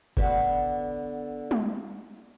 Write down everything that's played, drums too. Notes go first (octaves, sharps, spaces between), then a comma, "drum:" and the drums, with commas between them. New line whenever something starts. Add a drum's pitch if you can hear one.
D3 B3 F#4, drum: kick G1
drum: tom